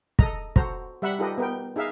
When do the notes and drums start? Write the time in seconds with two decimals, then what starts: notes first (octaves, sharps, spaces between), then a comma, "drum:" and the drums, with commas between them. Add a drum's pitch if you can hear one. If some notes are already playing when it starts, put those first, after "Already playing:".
0.19 A4 D#5 A#5, drum: kick
0.56 F#4 A4 C5 A#5, drum: kick
1.02 G3 E5 F#5 B5
1.19 D#4 F4 G4 A4 B4 D#5
1.38 B3 A#4 G5
1.76 D#4 G#4 E5 F5